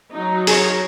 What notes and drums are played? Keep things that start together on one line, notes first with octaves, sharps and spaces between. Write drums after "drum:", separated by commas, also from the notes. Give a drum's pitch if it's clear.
F#3 D#4
G#4 A#4 C#5, drum: open hi-hat